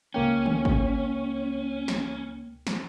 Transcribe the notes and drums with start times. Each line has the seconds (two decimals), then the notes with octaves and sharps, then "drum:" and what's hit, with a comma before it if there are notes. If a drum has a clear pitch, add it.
0.14 C#2 A#3 C#4 G5
0.46 drum: tom D3
0.65 drum: kick G#1
1.88 drum: snare
2.67 drum: snare